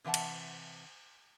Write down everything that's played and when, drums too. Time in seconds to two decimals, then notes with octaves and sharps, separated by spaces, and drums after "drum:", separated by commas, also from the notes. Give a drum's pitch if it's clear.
0.04 C3 E3 E5 F#5 A5
0.14 drum: cymbal